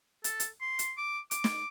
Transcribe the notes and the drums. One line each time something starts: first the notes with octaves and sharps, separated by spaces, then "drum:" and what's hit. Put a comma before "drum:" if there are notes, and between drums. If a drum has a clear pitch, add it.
A4, drum: hi-hat
drum: hi-hat
C6
drum: hi-hat
D6
D6, drum: hi-hat
drum: snare